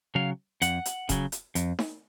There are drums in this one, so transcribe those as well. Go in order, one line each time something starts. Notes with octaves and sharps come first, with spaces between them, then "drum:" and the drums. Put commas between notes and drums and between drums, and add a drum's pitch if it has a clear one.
C#3 F#3 F5
F2 F#5, drum: hi-hat
drum: hi-hat
C#3 F#3, drum: kick E1, hi-hat
drum: hi-hat
F2, drum: hi-hat
drum: snare D#4